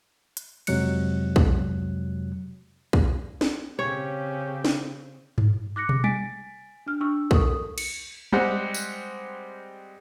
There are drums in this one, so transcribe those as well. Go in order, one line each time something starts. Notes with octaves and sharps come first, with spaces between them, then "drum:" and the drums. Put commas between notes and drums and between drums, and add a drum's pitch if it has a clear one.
drum: hi-hat
F2 C3 F#3 G#3 F#6 C#7, drum: cymbal
drum: kick
drum: kick
drum: snare
C#3 C4 C#4 G4 C#5
drum: snare
drum: tom G2
D6 F#6 A#6 C#7
drum: tom
G#5 A6 B6 D7, drum: tom G3
D4 F6
D4 C#6 E6
A4 A#4 C#6 D#6, drum: kick
C#7, drum: cymbal
G3 G#3 C4 F#5, drum: tom G3
drum: tambourine